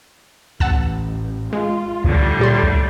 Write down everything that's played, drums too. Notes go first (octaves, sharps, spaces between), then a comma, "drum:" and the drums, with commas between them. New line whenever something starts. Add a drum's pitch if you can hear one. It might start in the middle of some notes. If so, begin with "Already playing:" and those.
A1 F#5 A5 E6, drum: kick
G#3 F4
A2 D3 G3, drum: kick
A#2 G4 C6
drum: kick